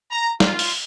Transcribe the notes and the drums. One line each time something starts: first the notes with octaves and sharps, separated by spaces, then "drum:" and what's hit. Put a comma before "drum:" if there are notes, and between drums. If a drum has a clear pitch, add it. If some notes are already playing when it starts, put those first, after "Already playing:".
A#5
F4, drum: snare
drum: open hi-hat